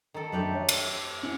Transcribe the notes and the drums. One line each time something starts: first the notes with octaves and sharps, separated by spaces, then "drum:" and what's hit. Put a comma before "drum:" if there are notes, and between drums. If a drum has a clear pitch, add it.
D#3 A4
F#2 A3 D4 G4 B4
C#5 E5
drum: cymbal
C#4 E4 F#5